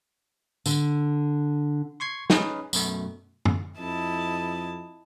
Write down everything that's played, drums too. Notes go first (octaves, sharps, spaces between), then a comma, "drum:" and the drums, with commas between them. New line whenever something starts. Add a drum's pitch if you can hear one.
D3, drum: tambourine
C6 C#6 G#6 C7
C#4 D#4 G#4 B4, drum: snare
F#2 B2 A3, drum: tambourine
drum: tom F#2
F2 E4 D#5 A5